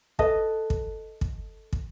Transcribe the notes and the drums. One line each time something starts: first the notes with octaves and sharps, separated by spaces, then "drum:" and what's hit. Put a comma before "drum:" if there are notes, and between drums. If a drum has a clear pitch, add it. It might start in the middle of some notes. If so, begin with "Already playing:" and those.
A4 B4 D#5, drum: kick
drum: kick
drum: kick
drum: kick